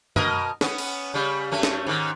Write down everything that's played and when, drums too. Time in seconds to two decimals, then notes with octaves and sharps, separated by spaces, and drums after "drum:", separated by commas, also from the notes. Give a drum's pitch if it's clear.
0.16 B2 A#4 D#5, drum: tom
0.61 B3 C#4, drum: snare
0.78 drum: cymbal
1.14 C#3 G3
1.51 F#2 A3 C#4
1.63 drum: snare
1.87 G#2 D#3